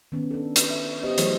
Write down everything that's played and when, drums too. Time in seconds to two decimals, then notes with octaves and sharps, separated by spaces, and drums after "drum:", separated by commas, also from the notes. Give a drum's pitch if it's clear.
0.12 D#3 B3 C#4
0.31 D4 A4
0.56 D#4 B4, drum: hi-hat
0.70 E5
1.03 B3 G4 C5 D#5
1.18 E3 F#3 A3 G#4 C5 C#5, drum: hi-hat